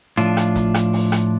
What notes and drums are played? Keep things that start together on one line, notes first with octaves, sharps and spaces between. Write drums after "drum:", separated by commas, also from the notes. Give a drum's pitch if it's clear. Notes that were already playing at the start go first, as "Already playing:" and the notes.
A2 F3 D4 F4, drum: hi-hat
drum: rim click
drum: kick, hi-hat
drum: rim click
drum: open hi-hat
drum: rim click